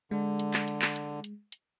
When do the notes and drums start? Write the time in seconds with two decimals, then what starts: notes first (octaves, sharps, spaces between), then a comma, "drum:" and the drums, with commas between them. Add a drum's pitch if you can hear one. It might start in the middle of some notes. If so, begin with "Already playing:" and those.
0.11 D3 G#3
0.39 drum: hi-hat
0.54 drum: clap
0.68 drum: hi-hat
0.82 drum: clap
0.96 drum: hi-hat
1.24 drum: hi-hat
1.52 drum: hi-hat